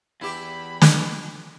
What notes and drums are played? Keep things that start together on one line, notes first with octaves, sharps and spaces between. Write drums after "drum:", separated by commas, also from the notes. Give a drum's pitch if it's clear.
E2 E4 G4 B5
drum: snare